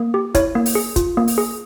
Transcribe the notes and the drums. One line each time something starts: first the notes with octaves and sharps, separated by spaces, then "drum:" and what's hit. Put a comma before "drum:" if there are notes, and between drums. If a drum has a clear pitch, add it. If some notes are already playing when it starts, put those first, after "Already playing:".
Already playing: A#3
G4
E4 C#5, drum: kick, hi-hat
A#3
drum: open hi-hat
G#4
F4, drum: kick, hi-hat
A#3
drum: open hi-hat
G#4